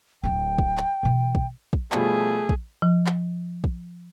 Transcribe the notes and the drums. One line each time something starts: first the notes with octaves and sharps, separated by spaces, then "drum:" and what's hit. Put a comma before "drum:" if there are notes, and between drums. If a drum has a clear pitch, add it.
D1 E4 G5
drum: kick
drum: clap
B2 E3
drum: kick
drum: kick
B2 F3 G3 A3 G#4, drum: clap
drum: kick
F3
drum: clap
drum: kick